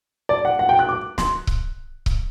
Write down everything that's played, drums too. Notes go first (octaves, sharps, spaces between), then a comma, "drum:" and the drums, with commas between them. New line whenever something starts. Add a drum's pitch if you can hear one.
D5
F#5
F#5
G5
F#6
D6
C6, drum: snare
drum: kick C#1
drum: kick C#1